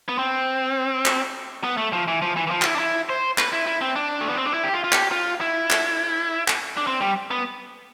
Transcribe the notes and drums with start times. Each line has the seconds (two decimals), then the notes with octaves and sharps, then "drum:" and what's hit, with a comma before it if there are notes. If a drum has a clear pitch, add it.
0.08 B3
0.19 C4
1.05 drum: clap
1.64 B3
1.77 A3
1.93 F3
2.08 E3
2.22 F3
2.37 E3
2.47 E3
2.51 F3
2.62 F4, drum: clap
2.66 E4
2.76 D4
2.79 E4
3.09 C5
3.38 B4, drum: clap
3.53 E4
3.66 E4
3.81 C4
3.96 D4
4.21 A3
4.29 B3
4.37 C4
4.45 D4
4.54 E4
4.64 G4
4.74 F4
4.84 F4
4.92 G4, drum: clap
5.12 F4
5.41 E4
5.70 drum: clap
6.48 drum: clap
6.77 D4
6.87 C4
7.01 G3
7.31 B3